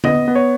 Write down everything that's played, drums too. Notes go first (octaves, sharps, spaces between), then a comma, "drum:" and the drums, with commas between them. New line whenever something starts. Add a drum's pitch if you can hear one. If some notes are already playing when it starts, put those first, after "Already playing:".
B3 D#5, drum: tom D3
B3
C#5